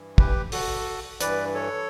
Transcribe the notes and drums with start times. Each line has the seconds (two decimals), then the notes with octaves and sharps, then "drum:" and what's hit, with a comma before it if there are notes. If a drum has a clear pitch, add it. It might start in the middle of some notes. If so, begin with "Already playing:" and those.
Already playing: G2 E3
0.18 G4 B4, drum: kick
0.52 F#4 A4, drum: open hi-hat
1.21 G2 E3 B4 D5, drum: hi-hat
1.54 A4 C#5